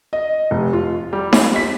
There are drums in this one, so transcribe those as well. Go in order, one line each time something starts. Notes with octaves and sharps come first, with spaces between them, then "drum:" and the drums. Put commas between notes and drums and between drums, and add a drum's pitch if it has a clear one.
D#5
F1
F4
G3
drum: snare D#4
B6